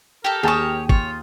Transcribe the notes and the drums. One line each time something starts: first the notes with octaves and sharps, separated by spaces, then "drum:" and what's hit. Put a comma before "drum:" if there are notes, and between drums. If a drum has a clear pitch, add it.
G4 A4 A#4
D#2 G4 G#4 C#5 G5 A5 D#6
F4 C#5, drum: kick